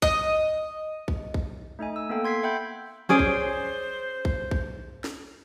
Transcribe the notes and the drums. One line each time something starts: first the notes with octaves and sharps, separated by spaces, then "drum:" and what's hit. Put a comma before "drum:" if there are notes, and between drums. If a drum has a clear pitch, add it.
D#5, drum: kick A#1
drum: kick A#1
drum: kick A#1
A3 D#4 D#5 G#5
E6
A#3 B3 A4 G5
C6 G#6 B6 C7
E5 F#5 G5 B5 G6
C#4 G#4 C5 D5
drum: kick A#1
drum: kick A#1
drum: kick A#1
drum: snare